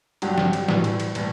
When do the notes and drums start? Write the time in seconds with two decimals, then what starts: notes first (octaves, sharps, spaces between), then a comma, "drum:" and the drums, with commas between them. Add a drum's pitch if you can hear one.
0.22 G2 D3 F#3 G4, drum: cymbal
0.38 drum: snare
0.53 drum: cymbal
0.68 A2 E3 G3, drum: snare
0.84 drum: cymbal
1.00 drum: cymbal
1.15 A2 E3 G3, drum: cymbal